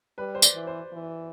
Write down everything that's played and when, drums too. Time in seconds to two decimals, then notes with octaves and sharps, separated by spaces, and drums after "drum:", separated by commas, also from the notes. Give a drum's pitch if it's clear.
0.18 G3 B4
0.35 C5
0.42 D5, drum: tambourine
0.54 E3
0.67 C5
0.93 E3